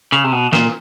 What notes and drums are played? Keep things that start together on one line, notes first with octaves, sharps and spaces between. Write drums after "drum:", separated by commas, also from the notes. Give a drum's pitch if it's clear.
C#3
C3
B2
A#2, drum: snare